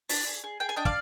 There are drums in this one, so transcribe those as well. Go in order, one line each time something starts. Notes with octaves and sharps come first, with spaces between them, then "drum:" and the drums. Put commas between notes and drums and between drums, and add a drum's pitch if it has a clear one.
D4, drum: open hi-hat
G#4
G#4
G#4 G5
G#5
D4 D#5 G5
D5 F5, drum: kick